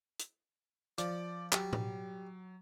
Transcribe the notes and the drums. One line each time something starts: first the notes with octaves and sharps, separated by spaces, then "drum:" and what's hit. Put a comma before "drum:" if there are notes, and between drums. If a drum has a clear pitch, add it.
drum: hi-hat
F3 D5 D6, drum: hi-hat
F#3 G3, drum: clap
drum: tom A2